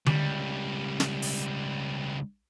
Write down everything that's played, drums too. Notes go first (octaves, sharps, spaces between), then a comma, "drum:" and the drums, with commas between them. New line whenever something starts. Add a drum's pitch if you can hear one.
C#2 G3, drum: tom D3
drum: snare
drum: open hi-hat